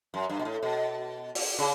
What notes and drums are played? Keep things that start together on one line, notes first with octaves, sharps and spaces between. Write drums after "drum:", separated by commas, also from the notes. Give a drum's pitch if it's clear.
F#2
G2
B2
A2
B2
drum: open hi-hat
C#3